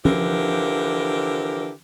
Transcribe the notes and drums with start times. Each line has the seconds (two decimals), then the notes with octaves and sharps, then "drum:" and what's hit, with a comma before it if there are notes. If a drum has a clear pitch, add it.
0.05 D3 E3 F3 G4 A#4, drum: tom